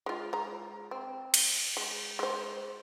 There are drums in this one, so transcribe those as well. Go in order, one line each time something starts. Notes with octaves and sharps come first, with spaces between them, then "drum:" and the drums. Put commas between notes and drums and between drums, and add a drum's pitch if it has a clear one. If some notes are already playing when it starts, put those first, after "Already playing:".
G#3 F4
G#3 A#5
C4
drum: cymbal
G#3
G#3 C5